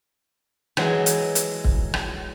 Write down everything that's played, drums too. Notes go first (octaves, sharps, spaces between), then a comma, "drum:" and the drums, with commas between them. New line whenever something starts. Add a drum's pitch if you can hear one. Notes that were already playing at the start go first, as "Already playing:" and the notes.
E3 F#3 G#3, drum: rim click
drum: hi-hat
drum: hi-hat
drum: kick C#1
drum: rim click